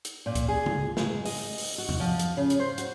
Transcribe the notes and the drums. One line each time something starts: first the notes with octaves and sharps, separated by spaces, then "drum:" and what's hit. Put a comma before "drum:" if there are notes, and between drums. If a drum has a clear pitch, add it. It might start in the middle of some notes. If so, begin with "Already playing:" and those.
drum: hi-hat
A#2
drum: kick C#2, hi-hat
G#4
drum: tom C#3
G#3, drum: snare
D#5, drum: open hi-hat
drum: open hi-hat
F#4
drum: tom E2
F3
drum: hi-hat
C#3
drum: hi-hat
C5
F#4, drum: hi-hat